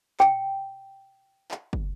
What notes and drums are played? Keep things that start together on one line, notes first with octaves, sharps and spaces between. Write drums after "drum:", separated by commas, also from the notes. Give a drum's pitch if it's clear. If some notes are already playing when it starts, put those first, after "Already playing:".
G5, drum: clap
drum: clap
drum: kick